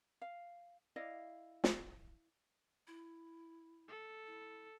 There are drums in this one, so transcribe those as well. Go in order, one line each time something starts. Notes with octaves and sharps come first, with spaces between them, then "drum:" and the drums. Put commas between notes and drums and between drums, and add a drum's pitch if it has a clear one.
F5
E4 D5 D#5 F5
drum: snare
E4
A4
E4